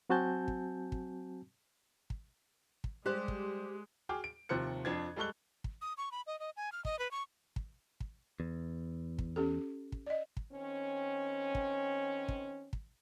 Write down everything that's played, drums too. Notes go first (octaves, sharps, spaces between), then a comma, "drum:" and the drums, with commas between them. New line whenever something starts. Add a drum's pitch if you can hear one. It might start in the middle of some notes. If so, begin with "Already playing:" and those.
F#3 C4 F#4 G#5 A5 G6
drum: kick
drum: kick
drum: kick
drum: kick
G3 G#3 G4 C5 F#6
drum: kick
F#4 G#4 G5 D6 F6
D7
D#2 C3 F3 C5 F#6 C#7
F2 F3 D4 G#6
G3 G#3 A4 C#6 F#6 G7
drum: kick
D#6
C#6
B5
D#5
D#5
G#5
F6
D#5, drum: kick
B4
C#6
drum: kick
drum: kick
E2
drum: kick
C#4 G4 A4
drum: kick
D5 D#5
drum: kick
D#3 C4 C#4
drum: kick
drum: kick
drum: kick